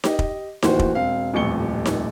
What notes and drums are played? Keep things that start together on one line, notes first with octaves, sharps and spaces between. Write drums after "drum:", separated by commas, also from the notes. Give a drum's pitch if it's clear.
G4 D#5, drum: snare D#4
drum: kick
D1 D#2 E3 F#4 C5, drum: snare D#4
drum: kick
E1 C4 F5
D#1 A1 F2 C#6 C#7 G7
drum: snare D#4